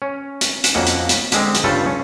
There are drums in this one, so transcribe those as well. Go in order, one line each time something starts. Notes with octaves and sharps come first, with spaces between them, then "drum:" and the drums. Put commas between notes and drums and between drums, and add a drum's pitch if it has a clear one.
C#4
drum: hi-hat
drum: hi-hat
F2 A#3 C#4 F#4 D#5
drum: hi-hat
drum: hi-hat
D3 G#3 C4, drum: hi-hat
drum: hi-hat
G2 C#3 F4 A4 C5 E5
C#4